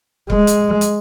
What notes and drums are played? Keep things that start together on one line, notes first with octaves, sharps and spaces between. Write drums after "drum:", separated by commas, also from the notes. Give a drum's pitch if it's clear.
G#3, drum: kick C#1
drum: hi-hat
drum: hi-hat